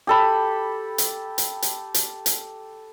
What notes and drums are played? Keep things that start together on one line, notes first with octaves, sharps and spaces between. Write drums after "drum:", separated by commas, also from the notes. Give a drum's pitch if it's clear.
G4 A4 B5
drum: hi-hat
drum: hi-hat
drum: hi-hat
drum: hi-hat
drum: hi-hat